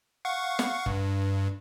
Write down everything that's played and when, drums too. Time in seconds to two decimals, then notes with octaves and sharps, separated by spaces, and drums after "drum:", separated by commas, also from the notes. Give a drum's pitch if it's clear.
0.25 F5 F#5 C#6
0.59 drum: snare
0.86 G2, drum: kick